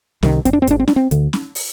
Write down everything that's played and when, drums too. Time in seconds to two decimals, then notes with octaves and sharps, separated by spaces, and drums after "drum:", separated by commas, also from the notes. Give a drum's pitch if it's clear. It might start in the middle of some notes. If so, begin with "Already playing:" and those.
0.23 C2 C3 D#3, drum: snare C#4
0.45 C4, drum: kick F2, hi-hat
0.53 D4
0.62 C4
0.67 G#1 G#2 D4, drum: hi-hat
0.80 C4
0.88 D4, drum: snare C#4
0.96 C4
1.11 D2 D3, drum: hi-hat
1.33 drum: snare C#4
1.55 drum: open hi-hat